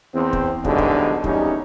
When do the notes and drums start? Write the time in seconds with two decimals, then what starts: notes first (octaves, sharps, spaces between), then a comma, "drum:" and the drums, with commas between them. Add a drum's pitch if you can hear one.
0.14 E2 C4
0.33 drum: kick
0.65 G#2 B2 D3 E3 F#3 G3, drum: kick
0.78 drum: kick
1.24 A#1 E2 G3 C#4 D#4, drum: kick